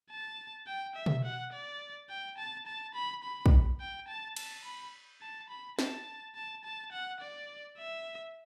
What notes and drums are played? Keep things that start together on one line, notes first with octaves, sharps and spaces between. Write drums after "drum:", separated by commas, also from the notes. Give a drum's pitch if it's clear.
A5
G5
E5
drum: tom B2
F#5
D5
G5
A5
A5
B5
B5
drum: kick
G5
A5
A5, drum: cymbal
B5
A5
B5
A5, drum: snare
A5
A5
F#5
D5
E5